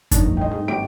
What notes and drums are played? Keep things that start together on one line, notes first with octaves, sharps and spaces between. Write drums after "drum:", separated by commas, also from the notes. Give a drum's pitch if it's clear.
G2 D4 D#4 C#5, drum: kick F2, hi-hat
A#1
A3 C4 D#5 G5
G#2
G#1 G4 D7